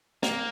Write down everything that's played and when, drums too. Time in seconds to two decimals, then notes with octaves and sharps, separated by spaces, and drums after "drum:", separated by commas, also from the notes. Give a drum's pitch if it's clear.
0.23 A#3, drum: snare